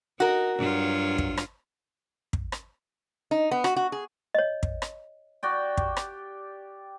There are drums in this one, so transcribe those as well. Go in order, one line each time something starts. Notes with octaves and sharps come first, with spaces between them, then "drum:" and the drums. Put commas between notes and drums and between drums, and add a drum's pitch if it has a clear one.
D#4 F#4 A#4
G2 F#3 F4
drum: kick
drum: rim click
drum: kick
drum: rim click
D#4
B3
F#4, drum: rim click
F#4
G#4
C#5 D#5
drum: kick
drum: rim click
F#4 D5 G5
G4, drum: kick
drum: rim click